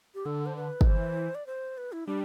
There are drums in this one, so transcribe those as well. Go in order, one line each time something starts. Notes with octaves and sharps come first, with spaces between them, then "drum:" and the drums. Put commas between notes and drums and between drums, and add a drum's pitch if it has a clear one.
G4
D3 A4
C5
B4
F3, drum: kick G1
E3 C5
D5
C5
B4
E4
G3 D4